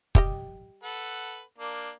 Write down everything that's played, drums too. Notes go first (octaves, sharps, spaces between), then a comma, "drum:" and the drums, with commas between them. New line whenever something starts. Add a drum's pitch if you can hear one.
G3 G4 D#5, drum: kick
A4 B4 F#5
A#3 D4